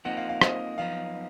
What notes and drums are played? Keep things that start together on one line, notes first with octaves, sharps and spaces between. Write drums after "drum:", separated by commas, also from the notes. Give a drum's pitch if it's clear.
F2 F3 A#3 D#4 F#5
F5
F5
D#5, drum: rim click
F#2 F3 B3 D#4 F5